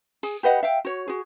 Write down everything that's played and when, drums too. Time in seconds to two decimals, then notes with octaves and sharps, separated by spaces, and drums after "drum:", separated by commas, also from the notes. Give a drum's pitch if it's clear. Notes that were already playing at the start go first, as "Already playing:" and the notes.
0.23 G#4, drum: tambourine
0.43 G4 B4 D#5 F#5
0.63 E5 F5 G5
0.85 F#4 C#5
1.08 F#4 G#4